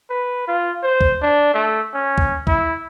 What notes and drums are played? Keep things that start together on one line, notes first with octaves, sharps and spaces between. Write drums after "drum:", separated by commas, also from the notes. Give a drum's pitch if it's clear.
B4
F4
C5
drum: kick
D4
A3
C#4
drum: kick
E4, drum: kick